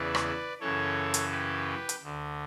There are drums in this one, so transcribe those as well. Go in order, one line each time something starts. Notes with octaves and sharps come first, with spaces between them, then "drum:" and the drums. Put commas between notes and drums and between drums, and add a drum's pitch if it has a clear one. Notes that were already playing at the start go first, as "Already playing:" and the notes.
Already playing: E2 C#3 E3 B4 D5
drum: rim click
F#2 C#3 E3 A4 C#5
drum: hi-hat
G4 B4
drum: hi-hat
D2 D3